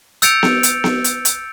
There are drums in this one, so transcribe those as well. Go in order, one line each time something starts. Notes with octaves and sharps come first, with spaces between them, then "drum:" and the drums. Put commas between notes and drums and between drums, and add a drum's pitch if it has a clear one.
E6 G6 A6 C#7 D7 F7, drum: hi-hat
drum: snare B3
drum: hi-hat
drum: snare B3
drum: hi-hat
drum: hi-hat